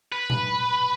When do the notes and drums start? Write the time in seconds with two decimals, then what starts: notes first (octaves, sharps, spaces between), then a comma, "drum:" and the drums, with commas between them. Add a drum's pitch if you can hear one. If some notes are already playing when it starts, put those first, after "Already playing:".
0.13 B4
0.30 drum: tom A#2